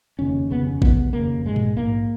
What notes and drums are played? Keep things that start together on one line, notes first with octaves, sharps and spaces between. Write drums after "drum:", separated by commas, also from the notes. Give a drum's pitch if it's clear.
F1 D#2 C#3 C#4
F1 D#2 C#3 B3
C#4
F1 D#2 C#3 B3, drum: kick A1
F1 D#2 C#3 A#3
A#1 G#2 G#3
drum: tom A#2
A#1 G#2 A#3